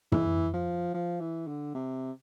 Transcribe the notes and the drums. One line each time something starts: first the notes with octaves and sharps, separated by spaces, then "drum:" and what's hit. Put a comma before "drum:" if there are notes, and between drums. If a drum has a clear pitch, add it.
E3, drum: tom
F3
F3
E3
D3
C3